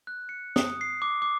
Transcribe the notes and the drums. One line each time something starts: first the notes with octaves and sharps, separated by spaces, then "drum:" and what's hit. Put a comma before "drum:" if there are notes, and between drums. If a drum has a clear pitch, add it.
F#6
C#7
D#6, drum: snare
C7
D6
D6